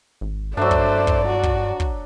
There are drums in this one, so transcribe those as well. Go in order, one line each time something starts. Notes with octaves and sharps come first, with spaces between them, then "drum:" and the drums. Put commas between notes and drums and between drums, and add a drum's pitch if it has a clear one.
G#1
G2 F#3 A3 D4 C5 D5
drum: kick
drum: kick
F#4
drum: kick
drum: kick